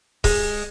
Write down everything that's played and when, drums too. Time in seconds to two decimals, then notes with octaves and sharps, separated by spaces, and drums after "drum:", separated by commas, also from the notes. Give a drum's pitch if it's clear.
0.24 G#3, drum: kick C#1, open hi-hat